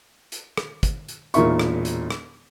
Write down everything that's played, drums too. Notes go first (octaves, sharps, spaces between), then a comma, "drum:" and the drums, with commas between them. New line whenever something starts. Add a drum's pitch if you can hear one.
drum: hi-hat
drum: rim click
drum: kick, hi-hat
drum: hi-hat
E1 A#2 D#4 A#4 E5 C#6, drum: hi-hat
drum: rim click
drum: hi-hat
drum: rim click